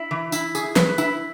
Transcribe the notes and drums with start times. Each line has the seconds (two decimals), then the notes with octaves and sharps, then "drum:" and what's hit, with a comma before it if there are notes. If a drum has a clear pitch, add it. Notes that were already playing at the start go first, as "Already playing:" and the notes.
Already playing: E4
0.11 E3
0.32 E4, drum: tambourine
0.55 G#4, drum: tambourine
0.76 B4, drum: snare
0.98 E4, drum: tambourine